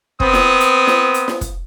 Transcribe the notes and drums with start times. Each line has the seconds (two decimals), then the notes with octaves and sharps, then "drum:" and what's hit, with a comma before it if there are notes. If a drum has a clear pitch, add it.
0.20 B3 C4 D#6, drum: kick
0.33 drum: snare
0.60 drum: hi-hat
0.87 drum: snare
1.14 drum: hi-hat
1.28 drum: snare
1.41 drum: kick, hi-hat